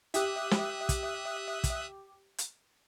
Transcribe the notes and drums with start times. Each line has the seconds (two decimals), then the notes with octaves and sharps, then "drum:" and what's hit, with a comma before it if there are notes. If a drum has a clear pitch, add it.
0.14 G4 E5 D#6 F#6, drum: hi-hat
0.51 drum: snare
0.89 drum: kick, hi-hat
1.64 drum: kick, hi-hat
2.38 drum: hi-hat